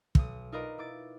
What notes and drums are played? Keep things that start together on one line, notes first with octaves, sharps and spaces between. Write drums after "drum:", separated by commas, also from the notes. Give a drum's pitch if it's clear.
B1 D#6, drum: kick
D#4 F4 A#4 B4 D5 D#5
E4 D6 A6